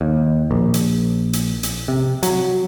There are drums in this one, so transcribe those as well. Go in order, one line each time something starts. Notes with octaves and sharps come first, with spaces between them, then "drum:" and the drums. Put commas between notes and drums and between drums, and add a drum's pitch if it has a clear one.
D#2
A#1
drum: hi-hat
drum: hi-hat
drum: hi-hat
C3
F#3, drum: hi-hat